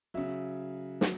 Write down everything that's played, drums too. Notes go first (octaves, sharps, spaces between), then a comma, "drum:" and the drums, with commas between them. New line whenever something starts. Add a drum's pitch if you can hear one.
C#3 F#3 E5
F#3, drum: snare